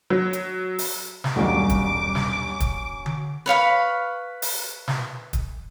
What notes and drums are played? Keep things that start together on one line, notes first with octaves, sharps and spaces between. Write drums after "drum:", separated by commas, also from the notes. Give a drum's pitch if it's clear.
F#3
drum: hi-hat
drum: open hi-hat
drum: snare
D#1 B1 G2 F#3 A#3 C#4 D6
drum: kick, hi-hat
drum: snare
drum: kick, hi-hat
drum: tom D3
B4 C#5 F5 B5
drum: open hi-hat
drum: snare
drum: kick, hi-hat